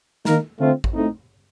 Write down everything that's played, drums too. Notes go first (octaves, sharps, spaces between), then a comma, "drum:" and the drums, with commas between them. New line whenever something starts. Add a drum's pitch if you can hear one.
D#3 A#3 D#4 A#4, drum: snare
D3 A3 C4 F4
drum: kick A1
A2 A3 C4 D#4